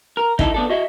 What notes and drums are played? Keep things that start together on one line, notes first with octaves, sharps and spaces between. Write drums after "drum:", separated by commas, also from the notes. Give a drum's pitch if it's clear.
A#4
D#4 E4 A4, drum: kick
B3 D4 A4
F#4 D#5 E5